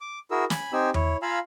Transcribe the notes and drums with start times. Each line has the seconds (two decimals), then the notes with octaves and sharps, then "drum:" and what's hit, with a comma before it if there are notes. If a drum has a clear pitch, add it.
0.01 D6
0.31 E4 F#4 G#4 A#4 E6
0.50 G#5 B5, drum: snare
0.73 C4 D#4 G4 G#5 E6
0.94 E4 C#5, drum: tom E2
1.22 F4 F5 G#5 A#5 B5 E6